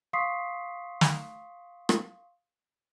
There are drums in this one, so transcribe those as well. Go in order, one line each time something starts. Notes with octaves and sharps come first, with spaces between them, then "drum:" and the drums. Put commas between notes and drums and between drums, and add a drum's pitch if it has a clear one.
F5 C6 C#6 D#6 B6 C7
drum: snare
drum: rim click